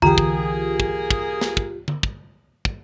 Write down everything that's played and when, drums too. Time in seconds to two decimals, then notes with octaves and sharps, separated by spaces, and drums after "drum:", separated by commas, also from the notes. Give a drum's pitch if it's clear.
0.02 C2 D3 E3 A#3 F4 G4 G#4 A#5, drum: tom E2
0.18 drum: kick
0.80 drum: kick
1.11 drum: kick
1.41 drum: snare
1.57 drum: kick
1.88 drum: tom D3
2.03 drum: kick
2.65 drum: kick